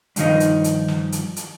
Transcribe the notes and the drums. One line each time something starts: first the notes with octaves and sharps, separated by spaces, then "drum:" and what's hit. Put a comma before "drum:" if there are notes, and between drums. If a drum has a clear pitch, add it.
G2 D#3 F3 D#4, drum: hi-hat
drum: hi-hat
drum: hi-hat
drum: snare
drum: hi-hat
drum: hi-hat